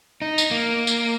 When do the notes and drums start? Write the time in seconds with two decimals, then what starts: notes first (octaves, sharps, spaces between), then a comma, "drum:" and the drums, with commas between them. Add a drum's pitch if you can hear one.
0.22 D#4
0.38 drum: tambourine
0.51 A#3
0.87 drum: tambourine